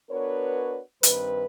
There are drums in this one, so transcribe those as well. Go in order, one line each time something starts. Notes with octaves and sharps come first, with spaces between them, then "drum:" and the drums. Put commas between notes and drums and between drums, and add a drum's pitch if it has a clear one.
B3 D4 F#4 A#4 B4 C#5
G2 D#3 C4 B4, drum: hi-hat